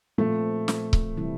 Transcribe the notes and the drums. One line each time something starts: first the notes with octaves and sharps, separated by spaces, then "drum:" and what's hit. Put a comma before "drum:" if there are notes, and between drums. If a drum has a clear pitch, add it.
A#2 F3 A3 C4 F4
drum: snare
drum: kick C#1
C3 E3 G3 C4 E4